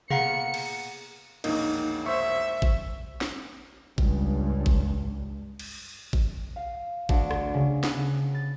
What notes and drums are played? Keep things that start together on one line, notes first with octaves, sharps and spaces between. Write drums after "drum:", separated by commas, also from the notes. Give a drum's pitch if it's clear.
A#2 B3 G#4 F5 F#5 A#5 C#7, drum: tom B2
drum: cymbal
E1 A#1 A#3 D#4, drum: cymbal
C5 E5 C#6
drum: kick G#1
drum: snare
C#2 G2, drum: kick G#1
drum: kick G#1
drum: cymbal
drum: kick G#1
F5
D2, drum: kick G#1
drum: rim click
C#3
B3, drum: snare
A6